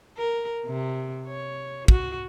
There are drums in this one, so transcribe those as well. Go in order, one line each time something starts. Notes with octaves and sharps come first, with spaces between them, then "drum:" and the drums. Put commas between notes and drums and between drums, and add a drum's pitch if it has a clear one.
A#4
C3
C#5
F#4, drum: kick